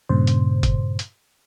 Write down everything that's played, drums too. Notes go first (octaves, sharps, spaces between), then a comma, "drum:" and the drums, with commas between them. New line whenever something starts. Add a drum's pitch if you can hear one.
G2 A#2 C#3 C5
drum: hi-hat
drum: kick F#1, hi-hat
drum: hi-hat